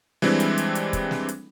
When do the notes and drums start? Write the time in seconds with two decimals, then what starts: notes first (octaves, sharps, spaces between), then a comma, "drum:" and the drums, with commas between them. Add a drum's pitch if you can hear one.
0.22 E3 G3 G#3 C4 D4 E4, drum: snare
0.40 drum: hi-hat
0.58 drum: hi-hat
0.75 drum: hi-hat
0.93 drum: kick, hi-hat
1.11 drum: snare
1.29 drum: hi-hat